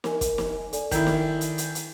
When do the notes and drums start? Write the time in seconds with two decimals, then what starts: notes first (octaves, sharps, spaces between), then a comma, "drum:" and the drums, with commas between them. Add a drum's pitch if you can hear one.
0.04 A#4 G#5, drum: snare
0.21 drum: kick, hi-hat
0.38 drum: snare
0.73 A4 D5 G#5, drum: hi-hat
0.91 D#3 E4, drum: kick, hi-hat
1.07 drum: snare
1.41 drum: hi-hat
1.58 drum: hi-hat
1.75 drum: hi-hat